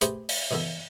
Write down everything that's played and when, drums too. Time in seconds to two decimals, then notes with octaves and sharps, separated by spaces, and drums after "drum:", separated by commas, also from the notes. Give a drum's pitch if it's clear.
0.01 A3 G4 G#4 B4 C5, drum: hi-hat
0.29 drum: open hi-hat
0.51 B2 D#3 E3 B3 A4